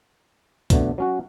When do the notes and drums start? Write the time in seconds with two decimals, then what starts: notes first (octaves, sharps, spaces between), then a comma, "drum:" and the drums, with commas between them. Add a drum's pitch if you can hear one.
0.70 F2 B2 D3 A3 D4, drum: kick C2, hi-hat
0.98 F#3 C#4 F#4